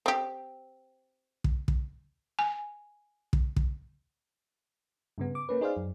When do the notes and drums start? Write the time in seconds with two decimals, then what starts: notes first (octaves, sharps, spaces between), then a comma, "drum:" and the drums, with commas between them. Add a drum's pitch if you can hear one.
0.06 C4 G4
1.44 drum: kick
1.68 drum: kick
2.39 G#5
3.33 drum: kick
3.56 drum: kick
5.18 G2 C#3 B3
5.35 D6
5.49 A#3 C#4 B4
5.61 D#4 G#4 C5 D5 F5
5.77 F#2